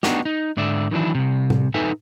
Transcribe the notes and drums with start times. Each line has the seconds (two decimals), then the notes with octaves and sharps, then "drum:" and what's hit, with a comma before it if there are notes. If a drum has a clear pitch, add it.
0.03 B3 D4 D#4 F#4 G4, drum: snare
0.25 D#4
0.57 G#2 D3 D5 E5
0.91 D#3 E3 F#3 D4 E4
1.15 C2 C3
1.50 drum: tom A2
1.74 D#4 A4 B4 E5 G#5